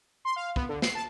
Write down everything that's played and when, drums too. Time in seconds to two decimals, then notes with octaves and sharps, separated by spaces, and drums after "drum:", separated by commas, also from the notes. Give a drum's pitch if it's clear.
0.25 C6
0.36 F5
0.56 B3, drum: kick
0.69 D3
0.82 C7, drum: snare
0.95 A5